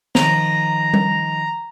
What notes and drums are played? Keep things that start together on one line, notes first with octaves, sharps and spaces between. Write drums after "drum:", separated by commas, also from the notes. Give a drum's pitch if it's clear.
D#3 F3 A#5, drum: snare
drum: tom G3